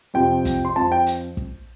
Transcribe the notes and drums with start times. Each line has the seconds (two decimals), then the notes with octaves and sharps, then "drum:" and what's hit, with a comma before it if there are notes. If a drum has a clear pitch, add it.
0.14 F2 C3 F3 G5
0.45 drum: kick, hi-hat
0.65 C6
0.76 F2 F3 A5
0.92 G5
1.06 drum: hi-hat
1.37 drum: kick